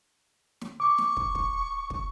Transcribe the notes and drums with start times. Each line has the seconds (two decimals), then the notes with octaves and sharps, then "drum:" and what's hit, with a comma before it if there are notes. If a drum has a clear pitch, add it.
0.61 drum: snare
0.80 C#6 D6
0.98 drum: snare
1.17 drum: kick
1.35 drum: kick
1.90 drum: kick